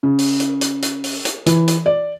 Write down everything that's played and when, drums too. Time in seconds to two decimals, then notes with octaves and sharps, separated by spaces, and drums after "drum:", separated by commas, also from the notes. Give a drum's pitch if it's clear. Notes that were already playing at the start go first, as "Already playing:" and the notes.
0.03 C#3
0.19 drum: open hi-hat
0.40 drum: hi-hat
0.61 drum: hi-hat
0.82 drum: hi-hat
1.04 drum: open hi-hat
1.25 drum: hi-hat
1.46 E3, drum: hi-hat
1.68 drum: hi-hat
1.86 D5